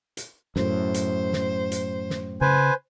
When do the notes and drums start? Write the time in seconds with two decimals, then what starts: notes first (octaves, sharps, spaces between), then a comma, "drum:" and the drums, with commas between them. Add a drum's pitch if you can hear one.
0.17 drum: hi-hat
0.56 F#2 A2 C5, drum: snare
0.94 drum: hi-hat
1.33 drum: snare
1.72 drum: hi-hat
2.10 drum: snare
2.41 C#3 B4 C5 G#5